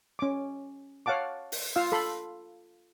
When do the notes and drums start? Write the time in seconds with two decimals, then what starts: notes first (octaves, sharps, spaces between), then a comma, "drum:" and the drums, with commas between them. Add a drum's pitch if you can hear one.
0.19 C#4 D6
1.06 C#5 F5 F#5 A5 D6
1.52 drum: open hi-hat
1.76 F4 F5 E6
1.92 A4 B5 C6